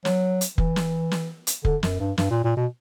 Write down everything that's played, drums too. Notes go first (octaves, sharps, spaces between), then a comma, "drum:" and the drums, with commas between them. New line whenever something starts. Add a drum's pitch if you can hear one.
F#3, drum: snare
drum: hi-hat
E3, drum: kick F1
drum: snare
drum: snare
drum: hi-hat
D3, drum: kick F1
F#2, drum: snare
G2
G2, drum: snare
A#2
A#2
B2